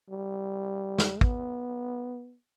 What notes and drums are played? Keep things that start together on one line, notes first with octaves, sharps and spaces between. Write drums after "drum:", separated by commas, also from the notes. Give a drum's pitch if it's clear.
G3
drum: snare
B3, drum: kick